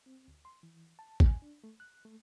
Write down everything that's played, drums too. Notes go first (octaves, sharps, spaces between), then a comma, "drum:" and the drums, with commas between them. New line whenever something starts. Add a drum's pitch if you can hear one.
C4
D2
C6
E3
A5
G#5, drum: kick A1
D4
A3
F#6
A3